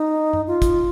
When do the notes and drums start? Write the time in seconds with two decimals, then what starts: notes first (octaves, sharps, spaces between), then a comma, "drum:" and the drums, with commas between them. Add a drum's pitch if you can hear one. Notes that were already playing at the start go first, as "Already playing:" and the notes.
Already playing: D#4
0.33 drum: tom F#2
0.47 F4
0.62 drum: kick, hi-hat